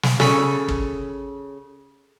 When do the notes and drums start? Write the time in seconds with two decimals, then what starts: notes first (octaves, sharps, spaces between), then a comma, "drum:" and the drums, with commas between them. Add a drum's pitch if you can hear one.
0.03 drum: snare
0.20 C#3 A4 B5, drum: snare
0.68 drum: kick